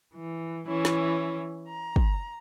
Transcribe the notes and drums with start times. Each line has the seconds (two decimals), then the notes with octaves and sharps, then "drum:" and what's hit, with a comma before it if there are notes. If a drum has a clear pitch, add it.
0.12 E3
0.66 E3 C#4 E4
0.85 drum: snare
1.67 A#5
1.96 drum: kick